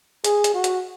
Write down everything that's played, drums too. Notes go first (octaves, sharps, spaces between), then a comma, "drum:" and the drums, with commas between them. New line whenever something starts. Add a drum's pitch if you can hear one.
G#4, drum: hi-hat
drum: hi-hat
F#4
drum: hi-hat